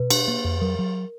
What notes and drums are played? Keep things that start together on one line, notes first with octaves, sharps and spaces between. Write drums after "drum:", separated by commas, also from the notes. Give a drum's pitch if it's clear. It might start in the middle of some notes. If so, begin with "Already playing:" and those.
Already playing: B2 B4
D4, drum: cymbal
A#3
F2
F#3 A#4
F#3